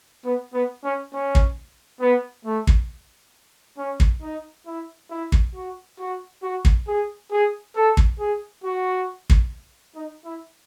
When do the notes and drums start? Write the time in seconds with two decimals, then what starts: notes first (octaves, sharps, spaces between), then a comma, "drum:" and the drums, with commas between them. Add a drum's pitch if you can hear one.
0.25 B3
0.53 B3
0.84 C#4
1.13 C#4
1.35 drum: kick
2.00 B3
2.45 A3
2.67 drum: kick
3.77 C#4
4.00 drum: kick
4.22 D#4
4.66 E4
5.10 E4
5.32 drum: kick
5.55 F#4
5.99 F#4
6.43 F#4
6.65 drum: kick
6.87 G#4
7.31 G#4
7.76 A4
7.97 drum: kick
8.19 G#4
8.64 F#4
9.30 drum: kick
9.95 D#4
10.25 E4